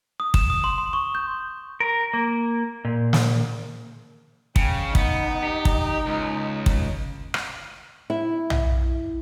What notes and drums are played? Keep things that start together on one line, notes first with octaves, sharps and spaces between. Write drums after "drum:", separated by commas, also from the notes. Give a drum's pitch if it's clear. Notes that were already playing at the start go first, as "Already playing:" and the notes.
D#6
E7, drum: kick
D#6
C6
C6
C#6
G6
A#4
A#3
A#2
drum: snare
C#3 G5, drum: kick
B3 D#4, drum: kick
G4
drum: kick
C#2
drum: kick
drum: rim click
E4
drum: tom